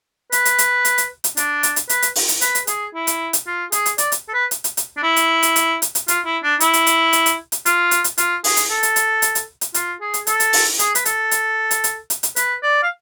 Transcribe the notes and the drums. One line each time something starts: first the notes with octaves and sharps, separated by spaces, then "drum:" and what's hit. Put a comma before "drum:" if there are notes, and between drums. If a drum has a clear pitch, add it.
B4, drum: hi-hat
drum: hi-hat
drum: hi-hat
drum: hi-hat
drum: hi-hat
drum: hi-hat
D4, drum: hi-hat
drum: hi-hat
drum: hi-hat
B4, drum: hi-hat
drum: hi-hat
drum: open hi-hat
drum: hi-hat
B4, drum: hi-hat
drum: hi-hat
G#4, drum: hi-hat
E4
drum: hi-hat
drum: hi-hat
F4
G#4, drum: hi-hat
drum: hi-hat
D5, drum: hi-hat
drum: hi-hat
A4
B4
drum: hi-hat
drum: hi-hat
drum: hi-hat
D4
E4
drum: hi-hat
drum: hi-hat
drum: hi-hat
drum: hi-hat
drum: hi-hat
F4, drum: hi-hat
E4
D4
E4, drum: hi-hat
drum: hi-hat
drum: hi-hat
drum: hi-hat
drum: hi-hat
drum: hi-hat
F4, drum: hi-hat
drum: hi-hat
drum: hi-hat
F4, drum: hi-hat
G#4, drum: open hi-hat
drum: hi-hat
A4
drum: hi-hat
drum: hi-hat
drum: hi-hat
drum: hi-hat
drum: hi-hat
F4, drum: hi-hat
G#4
drum: hi-hat
A4, drum: hi-hat
drum: hi-hat
drum: open hi-hat
G#4, drum: hi-hat
B4, drum: hi-hat
A4, drum: hi-hat
drum: hi-hat
drum: hi-hat
drum: hi-hat
drum: hi-hat
drum: hi-hat
B4, drum: hi-hat
D5
F5